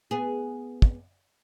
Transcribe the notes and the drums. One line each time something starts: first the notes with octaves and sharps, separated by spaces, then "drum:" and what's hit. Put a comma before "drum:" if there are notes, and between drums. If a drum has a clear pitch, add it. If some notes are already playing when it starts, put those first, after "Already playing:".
B3 G#4
drum: kick